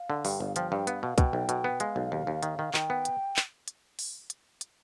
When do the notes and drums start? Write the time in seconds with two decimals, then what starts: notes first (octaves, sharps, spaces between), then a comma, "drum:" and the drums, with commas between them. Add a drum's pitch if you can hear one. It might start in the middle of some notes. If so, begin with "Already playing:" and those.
Already playing: F5
0.10 D3
0.25 G2 G5, drum: open hi-hat
0.40 G1 F5
0.56 F3 G5, drum: hi-hat
0.71 G2 G5
0.87 B3 F5, drum: hi-hat
1.03 B2 F5
1.18 B2 G5, drum: kick, hi-hat
1.33 B1
1.49 B2, drum: hi-hat
1.64 B3
1.80 G#3 F5, drum: hi-hat
1.96 B1
2.12 D#2
2.27 D#2
2.43 D#3, drum: hi-hat
2.59 D#3
2.74 D#3 G5, drum: clap
2.90 B3
3.05 drum: hi-hat
3.36 drum: clap
3.68 drum: hi-hat
3.99 drum: open hi-hat
4.30 drum: hi-hat
4.61 drum: hi-hat